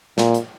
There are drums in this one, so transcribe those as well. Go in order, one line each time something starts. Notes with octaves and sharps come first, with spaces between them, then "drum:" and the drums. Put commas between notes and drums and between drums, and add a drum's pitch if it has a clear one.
A#2, drum: snare
drum: hi-hat